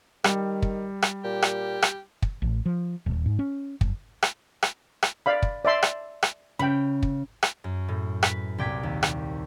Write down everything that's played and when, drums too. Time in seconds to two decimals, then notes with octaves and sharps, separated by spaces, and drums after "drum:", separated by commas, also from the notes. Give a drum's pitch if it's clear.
0.24 D#3 G3, drum: rim click
0.62 drum: kick
1.02 drum: rim click
1.24 A#2 G4
1.42 drum: rim click
1.82 drum: rim click
2.22 drum: kick
2.42 A1
2.66 F3
3.06 D#1
3.26 G#2
3.39 C#4
3.81 F#1, drum: kick
4.22 drum: rim click
4.62 drum: rim click
5.02 drum: rim click
5.26 D5 F5 B5
5.42 drum: kick
5.65 D5 E5 C6
5.82 drum: rim click
6.23 drum: rim click
6.59 C#3 G5 B5
7.03 drum: kick
7.43 drum: rim click
7.64 F#2
7.88 A2
8.23 B4, drum: rim click
8.58 C2 A#2 G5 D6 G#6 B6
8.83 D#2
9.03 drum: rim click